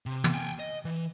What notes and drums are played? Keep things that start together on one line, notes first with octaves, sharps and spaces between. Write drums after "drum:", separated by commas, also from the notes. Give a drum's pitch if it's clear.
C3
drum: tom
G5 G#5
D#5
E3